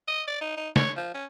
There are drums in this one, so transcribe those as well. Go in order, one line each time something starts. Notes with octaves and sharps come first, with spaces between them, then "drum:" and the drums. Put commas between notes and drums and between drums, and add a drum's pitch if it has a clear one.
D#5
D5
D#4
D#4
C#5, drum: snare
F3
C#4